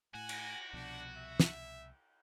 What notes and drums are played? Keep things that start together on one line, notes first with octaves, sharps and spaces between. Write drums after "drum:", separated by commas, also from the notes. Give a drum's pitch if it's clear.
A2 F#4 G#5
drum: cymbal
C2 B2 F3 D4
E5
drum: snare